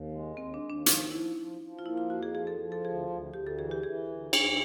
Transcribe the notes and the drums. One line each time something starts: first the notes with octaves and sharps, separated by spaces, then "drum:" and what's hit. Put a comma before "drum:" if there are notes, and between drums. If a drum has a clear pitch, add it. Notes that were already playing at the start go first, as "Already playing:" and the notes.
Already playing: D#2
G#3
D#2 C4
D4
D#2
D4
F3 D#4, drum: hi-hat
F3 E4
F3
F3
F4
A#3 E4
F4
F2 F#4
G#4
F3 G#4
A4
F3
A4
D2 G#4
D2
D2 G4
A4
E3 G#4
G4
E3 G#4
D2
D2 G#4, drum: cymbal